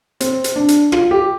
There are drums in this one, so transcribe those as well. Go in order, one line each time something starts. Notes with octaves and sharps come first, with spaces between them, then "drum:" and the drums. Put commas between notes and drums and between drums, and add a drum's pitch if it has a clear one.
C4, drum: hi-hat
drum: hi-hat
D4
drum: hi-hat
F4, drum: rim click
G4